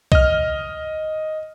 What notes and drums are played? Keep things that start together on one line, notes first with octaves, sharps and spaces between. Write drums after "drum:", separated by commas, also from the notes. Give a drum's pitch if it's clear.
D#5 F6, drum: kick B1